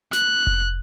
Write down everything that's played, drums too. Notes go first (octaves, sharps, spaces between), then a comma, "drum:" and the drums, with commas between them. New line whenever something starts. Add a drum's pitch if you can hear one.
F#6, drum: snare
drum: kick F1